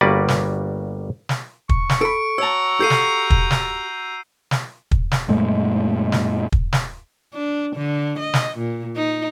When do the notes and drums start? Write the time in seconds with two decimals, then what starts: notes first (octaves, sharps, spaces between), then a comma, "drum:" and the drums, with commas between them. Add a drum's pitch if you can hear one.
0.01 G1 G3 A#3 F#4 B4 D5
0.28 drum: snare
1.29 drum: snare
1.69 C#6, drum: kick
1.89 drum: snare
2.01 A4 B5 D7
2.38 F#4 C#5 A5 A#5 E6
2.80 G4 A4 F5 G6 C7 D#7
2.90 drum: snare
3.30 drum: kick
3.50 drum: snare
4.51 drum: snare
4.91 drum: kick
5.12 drum: snare
5.28 F#2 A#2 G#3 A3
6.12 drum: snare
6.52 drum: kick
6.73 drum: snare
7.34 D4
7.77 D3
8.19 D#5
8.34 drum: snare
8.58 A#2
8.96 D#4